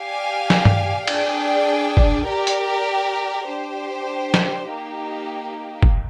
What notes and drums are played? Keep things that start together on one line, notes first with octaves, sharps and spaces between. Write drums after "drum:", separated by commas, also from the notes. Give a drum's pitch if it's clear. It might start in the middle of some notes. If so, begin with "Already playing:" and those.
Already playing: G4 D5 F5 G#5
drum: snare
drum: tom
D4 G#4 D5 G5, drum: cymbal
drum: kick F#1
G4 A#4 D5
drum: hi-hat
D4 G4 C5
drum: snare
A#3 D#4 G4
drum: kick F#1